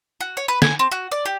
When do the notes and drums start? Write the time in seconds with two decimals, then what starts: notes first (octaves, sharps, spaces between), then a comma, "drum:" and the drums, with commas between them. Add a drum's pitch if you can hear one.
0.21 F#4
0.37 C#5
0.48 B4
0.62 G#5, drum: snare
0.79 C4
0.92 F#4
1.12 D5
1.26 G4